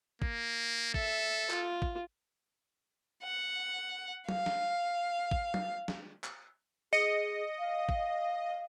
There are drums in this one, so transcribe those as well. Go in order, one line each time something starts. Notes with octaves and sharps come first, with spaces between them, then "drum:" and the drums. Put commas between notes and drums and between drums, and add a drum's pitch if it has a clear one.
A#3, drum: kick G#1
A4 E5, drum: kick G#1
F4, drum: clap
drum: kick G#1
F#5
F5, drum: tom
drum: snare
drum: kick G#1
drum: tom
drum: snare
drum: clap
G#4 D#5 C#7
F5
drum: kick G#1